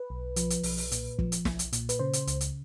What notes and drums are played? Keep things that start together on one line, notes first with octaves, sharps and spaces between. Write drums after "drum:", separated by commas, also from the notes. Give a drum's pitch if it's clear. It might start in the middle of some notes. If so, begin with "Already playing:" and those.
Already playing: B4
B1
F3, drum: hi-hat
drum: hi-hat
B1, drum: open hi-hat
drum: open hi-hat
A#2, drum: hi-hat
F3, drum: kick
drum: hi-hat
B1, drum: snare
drum: hi-hat
A#2, drum: hi-hat
B4, drum: hi-hat
C#3 C5
drum: hi-hat
C#2, drum: hi-hat
drum: hi-hat